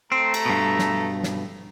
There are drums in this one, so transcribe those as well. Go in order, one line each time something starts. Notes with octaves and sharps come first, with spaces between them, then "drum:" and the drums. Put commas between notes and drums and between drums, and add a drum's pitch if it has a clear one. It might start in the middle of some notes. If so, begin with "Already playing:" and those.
A3 C4 A#5
drum: cymbal
G2 B2
drum: snare
drum: snare